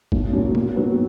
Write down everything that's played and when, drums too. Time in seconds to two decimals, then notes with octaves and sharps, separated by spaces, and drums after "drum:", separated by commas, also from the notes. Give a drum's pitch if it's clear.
0.12 B1, drum: kick
0.33 A#2 F#3 C#4
0.55 D#2, drum: tom B2
0.76 D#3 F#3 B3